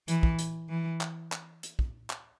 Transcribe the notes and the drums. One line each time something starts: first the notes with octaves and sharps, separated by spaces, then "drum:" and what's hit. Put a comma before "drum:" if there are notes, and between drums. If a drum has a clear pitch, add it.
E3, drum: hi-hat
drum: kick
drum: hi-hat
E3
drum: clap
drum: clap
drum: hi-hat
drum: kick
drum: clap